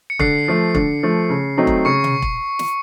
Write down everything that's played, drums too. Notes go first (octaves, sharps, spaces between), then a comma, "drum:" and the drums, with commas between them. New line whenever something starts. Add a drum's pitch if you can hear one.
C#7
D3 C7, drum: kick E1
F3 A3
D3, drum: kick E1
F3 A3
C#3
F#3 A3 C4 D#4
drum: kick E1
C#3 C#6 C#7
drum: tom B2
drum: kick E1
drum: snare